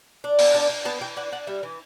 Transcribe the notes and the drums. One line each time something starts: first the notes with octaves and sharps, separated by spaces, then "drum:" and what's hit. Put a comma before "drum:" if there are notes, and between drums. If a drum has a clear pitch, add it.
D4
B3, drum: open hi-hat
D4 A5
D4
B3 A5
E3 G5
D4 F#5
D4 F#5
G3 E5
E3